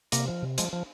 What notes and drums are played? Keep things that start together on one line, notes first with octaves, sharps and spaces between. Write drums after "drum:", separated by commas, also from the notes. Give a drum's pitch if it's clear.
C3 A#3, drum: hi-hat
F3
C3
F3 G#3, drum: hi-hat
F3